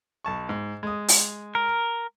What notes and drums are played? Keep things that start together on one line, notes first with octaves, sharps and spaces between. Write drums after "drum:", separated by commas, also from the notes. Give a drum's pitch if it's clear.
B1 A5 C#6
G#2
G#3 D#6
drum: open hi-hat
A#4